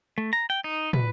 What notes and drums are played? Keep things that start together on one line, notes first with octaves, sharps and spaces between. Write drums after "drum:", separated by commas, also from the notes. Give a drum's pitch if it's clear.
A3
A#5
G5
D#4
B4, drum: tom